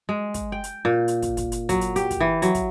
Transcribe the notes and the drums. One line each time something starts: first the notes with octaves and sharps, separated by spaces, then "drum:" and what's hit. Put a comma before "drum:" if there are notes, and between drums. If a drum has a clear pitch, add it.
G#3
drum: kick, hi-hat
G5
drum: hi-hat
A#2
drum: hi-hat
drum: kick, hi-hat
drum: kick, hi-hat
drum: hi-hat
F#3, drum: kick, hi-hat
drum: hi-hat
G4, drum: hi-hat
drum: kick, hi-hat
E3
F#3, drum: hi-hat
drum: kick, hi-hat